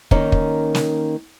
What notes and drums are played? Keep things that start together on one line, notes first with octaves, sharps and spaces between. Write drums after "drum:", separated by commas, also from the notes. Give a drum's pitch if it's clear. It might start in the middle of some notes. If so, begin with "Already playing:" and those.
D#3 A#3 C#4 D#4, drum: kick
drum: kick
drum: snare